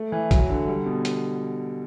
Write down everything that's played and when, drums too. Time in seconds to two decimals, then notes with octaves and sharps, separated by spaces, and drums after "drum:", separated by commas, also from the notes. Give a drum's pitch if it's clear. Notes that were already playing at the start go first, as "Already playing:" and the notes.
Already playing: A3
0.12 E3
0.31 F#3, drum: kick, hi-hat
0.49 D3
0.68 G3
0.86 B2
1.05 drum: hi-hat